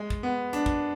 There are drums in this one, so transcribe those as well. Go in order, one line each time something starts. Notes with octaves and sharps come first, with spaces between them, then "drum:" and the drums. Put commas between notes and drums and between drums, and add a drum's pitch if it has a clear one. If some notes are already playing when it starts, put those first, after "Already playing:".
Already playing: G#3
drum: kick
B3
D4, drum: hi-hat
drum: kick